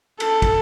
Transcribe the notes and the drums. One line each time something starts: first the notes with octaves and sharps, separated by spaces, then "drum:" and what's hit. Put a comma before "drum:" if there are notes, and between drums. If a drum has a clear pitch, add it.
A4, drum: cymbal
drum: kick, cymbal